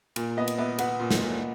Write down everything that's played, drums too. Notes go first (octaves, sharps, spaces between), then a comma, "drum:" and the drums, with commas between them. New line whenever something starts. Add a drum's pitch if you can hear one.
A#2, drum: cymbal
B3 D#5
drum: cymbal
B3 E5
B3 F#5, drum: cymbal
A#2
drum: snare
A#2